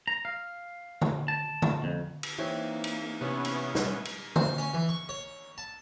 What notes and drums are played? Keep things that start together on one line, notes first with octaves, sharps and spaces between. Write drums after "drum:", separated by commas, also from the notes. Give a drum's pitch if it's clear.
A#5
F5
drum: tom D3
A5
drum: tom D3
F2
drum: cymbal
E3 A#3 C4 D#4 C#5
drum: cymbal
C3 B3 C#4 E4 C#6
drum: cymbal
drum: snare
drum: cymbal
C5, drum: tom D3
C#4
E3
C#6
C#5
A5